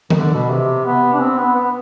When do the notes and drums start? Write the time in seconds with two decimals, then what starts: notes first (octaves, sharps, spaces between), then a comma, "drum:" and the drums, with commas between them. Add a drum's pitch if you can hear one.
0.10 D#3, drum: tom D#3
0.16 D3
0.34 B2
0.50 C3
0.85 B3
1.13 D4
1.20 C4
1.38 B3
1.55 B3